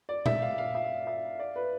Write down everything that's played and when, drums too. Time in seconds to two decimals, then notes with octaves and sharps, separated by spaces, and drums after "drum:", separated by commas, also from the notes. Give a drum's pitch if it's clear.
0.09 D5
0.26 E5, drum: tom A#2
0.42 F5
0.58 F5
0.75 E5
1.07 E5
1.39 D5
1.56 B4